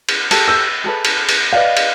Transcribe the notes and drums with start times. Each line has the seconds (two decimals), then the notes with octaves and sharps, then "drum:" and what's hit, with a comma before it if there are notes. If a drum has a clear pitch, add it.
0.09 drum: cymbal
0.31 G4 A4 A5, drum: cymbal
0.48 E6 G6
0.84 G#4 A4 B4
1.05 drum: cymbal
1.29 drum: cymbal
1.53 B4 D5 D#5 F5
1.77 drum: cymbal